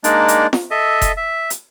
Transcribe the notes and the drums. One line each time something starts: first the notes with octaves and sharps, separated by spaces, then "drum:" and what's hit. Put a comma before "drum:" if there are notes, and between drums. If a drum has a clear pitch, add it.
G#3 A#3 D4 D#4 D5, drum: hi-hat
drum: hi-hat
drum: snare
A4 D#5 E5
drum: kick F1, hi-hat
E5
drum: hi-hat